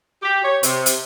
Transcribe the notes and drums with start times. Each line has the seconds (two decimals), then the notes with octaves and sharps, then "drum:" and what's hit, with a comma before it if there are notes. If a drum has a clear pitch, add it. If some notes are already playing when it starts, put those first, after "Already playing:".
0.23 G4
0.44 C#5
0.63 C3, drum: hi-hat
0.86 drum: hi-hat